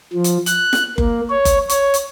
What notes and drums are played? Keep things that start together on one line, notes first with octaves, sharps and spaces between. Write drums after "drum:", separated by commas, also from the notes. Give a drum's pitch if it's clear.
F3
drum: hi-hat
F#6, drum: hi-hat
drum: snare
A#3, drum: kick F#1
C#5
drum: kick F#1, hi-hat
C#5, drum: hi-hat
drum: hi-hat